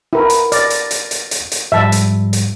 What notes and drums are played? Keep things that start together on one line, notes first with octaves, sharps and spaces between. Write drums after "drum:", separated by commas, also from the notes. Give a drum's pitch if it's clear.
E4 A#4
drum: hi-hat
D5 F6 A6 A#6, drum: hi-hat
drum: hi-hat
drum: hi-hat
drum: hi-hat
drum: hi-hat
drum: hi-hat
G#2 F3 G3 E5 A5
drum: hi-hat
drum: hi-hat